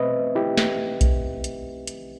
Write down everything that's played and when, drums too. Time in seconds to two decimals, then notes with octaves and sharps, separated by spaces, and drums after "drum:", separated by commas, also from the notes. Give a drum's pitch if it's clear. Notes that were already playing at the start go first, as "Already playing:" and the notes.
Already playing: B2 A3 C4 B4 C5 D#5 E5
0.35 E4 G4
0.57 drum: snare
1.01 drum: kick A#1, hi-hat
1.44 drum: hi-hat
1.87 drum: hi-hat